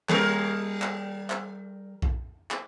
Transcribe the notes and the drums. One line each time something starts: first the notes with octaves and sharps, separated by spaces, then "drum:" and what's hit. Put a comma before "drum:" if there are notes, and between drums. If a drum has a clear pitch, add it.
G3 A#4, drum: clap
drum: clap
drum: clap
drum: kick
drum: clap